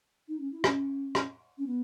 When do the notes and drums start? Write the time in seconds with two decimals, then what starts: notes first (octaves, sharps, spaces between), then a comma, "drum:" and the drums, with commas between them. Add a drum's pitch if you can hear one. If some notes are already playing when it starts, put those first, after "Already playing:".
0.28 D#4
0.40 C#4
0.52 E4
0.64 C#4, drum: rim click
1.15 drum: rim click
1.58 C#4
1.66 B3